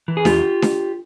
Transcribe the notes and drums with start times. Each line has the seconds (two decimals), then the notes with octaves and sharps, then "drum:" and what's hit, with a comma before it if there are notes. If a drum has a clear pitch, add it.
0.08 E3
0.17 G#4
0.25 E2 F4 G4, drum: snare D4
0.62 drum: snare D4